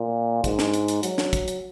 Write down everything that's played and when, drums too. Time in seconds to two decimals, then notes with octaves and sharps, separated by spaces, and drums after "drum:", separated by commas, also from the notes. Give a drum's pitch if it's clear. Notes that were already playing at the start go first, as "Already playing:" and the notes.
Already playing: A#2
0.44 G#2, drum: kick, hi-hat
0.59 drum: snare
0.74 drum: hi-hat
0.88 drum: hi-hat
1.03 F#3, drum: hi-hat
1.18 drum: snare
1.33 drum: kick, hi-hat
1.48 drum: hi-hat